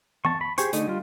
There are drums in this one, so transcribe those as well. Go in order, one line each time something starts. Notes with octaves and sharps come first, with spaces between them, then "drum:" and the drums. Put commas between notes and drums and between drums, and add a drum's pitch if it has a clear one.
A5 C#6, drum: tom E3
B5
G4 G#4 C5 C#6, drum: hi-hat
D3 A3 D#4, drum: hi-hat
G3 F4